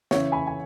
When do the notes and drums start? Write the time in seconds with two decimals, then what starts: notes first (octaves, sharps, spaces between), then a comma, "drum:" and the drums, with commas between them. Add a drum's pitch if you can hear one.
0.11 C#3 E3 C#5 E5, drum: snare
0.32 G#5 B5
0.47 G#5